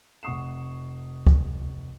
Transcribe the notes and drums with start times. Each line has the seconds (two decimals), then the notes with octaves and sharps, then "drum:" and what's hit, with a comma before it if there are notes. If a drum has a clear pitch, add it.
0.23 F1 F#5 C#6 D#6 C7 E7
1.27 drum: kick